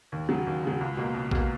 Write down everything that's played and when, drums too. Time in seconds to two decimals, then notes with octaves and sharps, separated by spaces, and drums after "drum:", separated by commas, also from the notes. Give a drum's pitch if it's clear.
0.12 D#2
0.28 C#3 F#3
0.47 D#2
0.63 C#3 F#3
0.81 C#2
0.97 B2 A#3
1.14 C#2
1.31 B2 A#3, drum: kick A#1